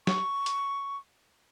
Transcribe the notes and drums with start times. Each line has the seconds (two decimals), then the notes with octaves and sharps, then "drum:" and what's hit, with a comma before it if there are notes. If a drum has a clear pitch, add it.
0.07 C#6, drum: snare
0.46 drum: hi-hat